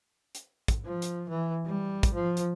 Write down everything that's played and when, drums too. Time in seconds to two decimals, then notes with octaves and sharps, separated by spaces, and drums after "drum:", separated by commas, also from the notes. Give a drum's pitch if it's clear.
0.35 drum: hi-hat
0.68 drum: kick, hi-hat
0.85 F3
1.02 drum: hi-hat
1.29 E3
1.66 G3
2.03 drum: kick, hi-hat
2.14 F3
2.37 drum: hi-hat